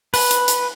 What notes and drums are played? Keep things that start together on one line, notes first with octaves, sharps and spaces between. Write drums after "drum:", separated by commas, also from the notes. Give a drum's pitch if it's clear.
B4, drum: open hi-hat
drum: hi-hat
drum: hi-hat